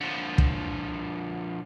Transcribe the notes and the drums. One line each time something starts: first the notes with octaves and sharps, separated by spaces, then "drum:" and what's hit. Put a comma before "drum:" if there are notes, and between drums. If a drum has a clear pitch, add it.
D3 F3
drum: kick